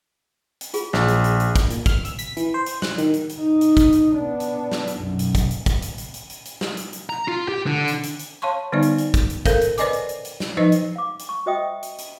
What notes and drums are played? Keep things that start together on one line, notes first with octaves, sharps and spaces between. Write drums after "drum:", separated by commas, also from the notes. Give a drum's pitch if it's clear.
drum: hi-hat
F4 G#4, drum: hi-hat
A#1, drum: snare
drum: hi-hat
drum: hi-hat
drum: hi-hat
drum: kick, hi-hat
A#2, drum: hi-hat
F6, drum: kick, hi-hat
E6, drum: hi-hat
B6, drum: hi-hat
E3, drum: hi-hat
C5
drum: hi-hat
F#6, drum: snare
D#3, drum: hi-hat
drum: hi-hat
drum: hi-hat
D#4
drum: hi-hat
drum: kick, hi-hat
drum: hi-hat
B3 D4
drum: hi-hat
drum: snare
drum: hi-hat
B1 F#2
drum: hi-hat
drum: kick, hi-hat
drum: hi-hat
drum: kick, hi-hat
drum: hi-hat
drum: hi-hat
drum: hi-hat
drum: hi-hat
drum: hi-hat
drum: snare
drum: hi-hat
drum: hi-hat
A#5
F4
G4
D3
drum: hi-hat
drum: hi-hat
drum: hi-hat
C#5 F5 A5 C6 C#6
D3 G3 B3 D#4 C5 D5
drum: hi-hat
drum: hi-hat
drum: kick, hi-hat
drum: hi-hat
A4 A#4 C5 F5, drum: kick, hi-hat
drum: hi-hat
B4 C5 D5 D#5 G#5 D6, drum: hi-hat
drum: hi-hat
drum: hi-hat
drum: hi-hat
drum: snare
F3 D#4 B4 C5 D#5
drum: hi-hat
F5 D6
drum: hi-hat
C#6
F#4 C5 D#5 E5 G5 D#6
drum: hi-hat
drum: hi-hat